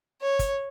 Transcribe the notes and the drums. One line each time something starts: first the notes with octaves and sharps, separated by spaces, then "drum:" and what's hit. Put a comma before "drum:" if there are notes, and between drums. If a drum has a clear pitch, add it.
C#5
drum: kick, hi-hat